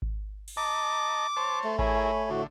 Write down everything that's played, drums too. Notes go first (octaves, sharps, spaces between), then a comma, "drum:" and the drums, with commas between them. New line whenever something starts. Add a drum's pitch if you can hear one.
drum: kick G#1
drum: cymbal
D#5 A5 A#5 D6
C5 C#5 A5
A3
E4 G#4 A#4 C#5 G#5 B5, drum: kick G#1
A2 D3 F#4